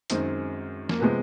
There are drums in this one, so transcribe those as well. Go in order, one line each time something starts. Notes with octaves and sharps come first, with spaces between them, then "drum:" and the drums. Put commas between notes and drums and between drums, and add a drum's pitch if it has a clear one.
F#2 D#3 G#3 C4, drum: hi-hat
A#3, drum: snare F3
C3 F3 G#3 B3